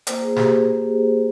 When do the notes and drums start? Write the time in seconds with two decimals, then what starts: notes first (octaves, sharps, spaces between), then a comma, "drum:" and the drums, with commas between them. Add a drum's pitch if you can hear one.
0.07 A#3 F4 C5, drum: hi-hat
0.22 G#4
0.36 G4, drum: snare
0.51 G#4